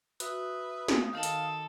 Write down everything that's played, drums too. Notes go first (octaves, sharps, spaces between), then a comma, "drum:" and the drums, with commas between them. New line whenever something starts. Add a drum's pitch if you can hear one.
F#4 B4 E5 D#6, drum: hi-hat
drum: snare
D#3 D#4 A4 A#4 F5
drum: hi-hat